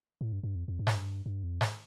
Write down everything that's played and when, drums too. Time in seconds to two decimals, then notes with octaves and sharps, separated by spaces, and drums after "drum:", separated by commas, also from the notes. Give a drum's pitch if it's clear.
0.21 A2
0.32 G2
0.43 G2
0.55 F2
0.68 F2
0.79 G2
0.87 A2, drum: snare G#2
0.95 G2
1.26 G2
1.43 F2
1.61 drum: snare G#2